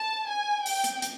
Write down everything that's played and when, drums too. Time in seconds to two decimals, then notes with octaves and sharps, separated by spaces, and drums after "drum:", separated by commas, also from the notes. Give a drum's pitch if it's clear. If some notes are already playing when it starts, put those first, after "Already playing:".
Already playing: A5
0.30 G#5
0.66 G5, drum: open hi-hat
0.84 drum: hi-hat
1.02 drum: hi-hat